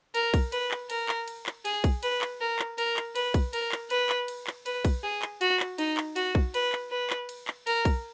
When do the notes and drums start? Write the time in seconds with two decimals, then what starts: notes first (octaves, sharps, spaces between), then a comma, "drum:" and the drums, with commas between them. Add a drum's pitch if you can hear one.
0.14 A#4, drum: cymbal
0.34 drum: kick B1, cymbal
0.52 B4, drum: cymbal
0.71 drum: clap
0.90 A#4, drum: cymbal
1.09 drum: clap
1.28 drum: cymbal
1.46 drum: clap
1.65 G#4, drum: cymbal
1.84 drum: kick B1, cymbal
2.03 B4, drum: cymbal
2.21 drum: clap
2.41 A#4
2.59 drum: clap
2.78 A#4, drum: cymbal
2.97 drum: clap
3.16 B4, drum: cymbal
3.34 drum: kick B1, cymbal
3.53 A#4, drum: cymbal
3.72 drum: clap
3.90 B4, drum: cymbal
4.09 drum: clap
4.28 drum: cymbal
4.47 drum: clap
4.66 B4, drum: cymbal
4.85 drum: kick B1, cymbal
5.03 G#4
5.22 drum: clap
5.41 F#4, drum: cymbal
5.60 drum: clap
5.78 D#4, drum: cymbal
5.97 drum: clap
6.16 F#4, drum: cymbal
6.35 drum: kick B1
6.54 B4, drum: cymbal
6.72 drum: clap
6.91 B4
7.10 drum: clap
7.29 drum: cymbal
7.48 drum: clap
7.67 A#4, drum: cymbal
7.85 drum: kick B1, cymbal